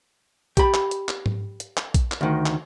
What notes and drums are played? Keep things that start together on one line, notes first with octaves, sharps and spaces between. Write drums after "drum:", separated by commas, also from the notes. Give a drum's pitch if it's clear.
G4 B5, drum: kick A#1, hi-hat
drum: clap
drum: hi-hat
drum: clap
drum: tom G#2
drum: hi-hat
drum: clap
drum: kick A#1, hi-hat
drum: clap
D2 D#3
drum: clap